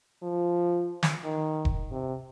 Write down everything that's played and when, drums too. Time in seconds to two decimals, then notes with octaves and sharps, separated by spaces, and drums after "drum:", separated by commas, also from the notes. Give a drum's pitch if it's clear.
0.23 F3
1.03 drum: snare
1.24 D#3
1.65 drum: kick E1
1.91 C3